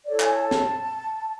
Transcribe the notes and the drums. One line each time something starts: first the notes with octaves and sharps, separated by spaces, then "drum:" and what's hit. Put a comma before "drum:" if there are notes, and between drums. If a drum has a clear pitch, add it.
E4 A4 C#5 D5
G#5, drum: clap
A5
drum: snare